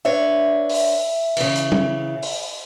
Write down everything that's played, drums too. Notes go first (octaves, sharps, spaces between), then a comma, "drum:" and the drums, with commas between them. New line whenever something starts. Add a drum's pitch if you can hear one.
D4 B4 C#5 E5
drum: open hi-hat
C#3 E3, drum: cymbal
drum: hi-hat
drum: tom
drum: open hi-hat